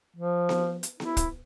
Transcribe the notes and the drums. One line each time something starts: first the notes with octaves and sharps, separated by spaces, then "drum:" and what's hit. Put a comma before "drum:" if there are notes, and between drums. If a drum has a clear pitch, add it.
F3
drum: snare B3
drum: hi-hat
E4, drum: snare B3
drum: kick, hi-hat